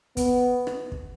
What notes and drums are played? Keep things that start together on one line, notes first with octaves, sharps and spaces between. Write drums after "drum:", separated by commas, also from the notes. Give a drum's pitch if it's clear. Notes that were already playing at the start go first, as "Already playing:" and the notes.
B3, drum: kick, hi-hat
drum: rim click
drum: kick